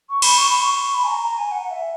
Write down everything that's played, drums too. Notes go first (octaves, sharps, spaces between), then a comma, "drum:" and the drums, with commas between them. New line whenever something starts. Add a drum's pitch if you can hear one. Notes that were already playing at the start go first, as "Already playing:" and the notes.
C#6
B5, drum: cymbal
C#6
B5
C#6
B5
G#5
A#5
A#5
G#5
F#5
F#5
E5